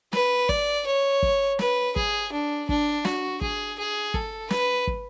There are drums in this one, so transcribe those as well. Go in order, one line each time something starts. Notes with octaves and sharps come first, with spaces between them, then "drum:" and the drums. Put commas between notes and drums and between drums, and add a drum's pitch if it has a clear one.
B4, drum: snare
D5, drum: kick
C#5
drum: kick
B4, drum: snare
G#4, drum: kick
D4
D4, drum: kick
F#4, drum: snare
G#4, drum: kick
G#4
A4, drum: kick
B4, drum: snare
drum: kick